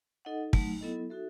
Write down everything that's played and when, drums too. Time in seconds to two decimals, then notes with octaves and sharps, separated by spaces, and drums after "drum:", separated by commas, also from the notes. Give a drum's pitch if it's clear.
0.25 D#4 A4 D#5 F#5
0.53 F#3 A3 D#4, drum: kick
0.81 F#3 B3 E4 A4 D#5
1.10 D#4 F#4 A4 E5